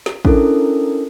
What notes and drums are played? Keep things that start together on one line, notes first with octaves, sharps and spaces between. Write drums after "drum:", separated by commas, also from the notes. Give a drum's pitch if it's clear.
drum: snare
C#4 D4 E4 A4 A#4, drum: kick